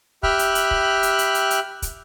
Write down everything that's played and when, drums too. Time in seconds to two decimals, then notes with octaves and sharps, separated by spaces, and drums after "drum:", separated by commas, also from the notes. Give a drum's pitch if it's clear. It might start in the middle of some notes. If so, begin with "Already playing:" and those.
0.23 G4 E5 G5 B5 F6 F#6, drum: kick
0.39 drum: hi-hat
0.55 drum: hi-hat
0.71 drum: kick
1.03 drum: hi-hat
1.19 drum: hi-hat
1.35 drum: hi-hat
1.51 drum: hi-hat
1.82 drum: kick, hi-hat